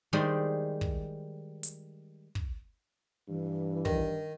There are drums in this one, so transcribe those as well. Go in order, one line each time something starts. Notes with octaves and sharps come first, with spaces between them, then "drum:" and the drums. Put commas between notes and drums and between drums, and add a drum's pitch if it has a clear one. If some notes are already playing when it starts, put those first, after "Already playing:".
D#3 G3 G#3 G#4 C5 D5
drum: kick
drum: hi-hat
drum: kick
G2 E3
D#3, drum: kick